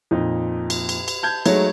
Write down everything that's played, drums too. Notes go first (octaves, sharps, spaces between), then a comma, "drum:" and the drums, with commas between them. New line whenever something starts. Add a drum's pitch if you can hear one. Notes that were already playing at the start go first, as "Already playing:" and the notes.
F2 A#2 D#4
drum: cymbal
drum: cymbal
drum: cymbal
A5 G6 G#6
F#3 G#3 A3 D#4 C#5, drum: cymbal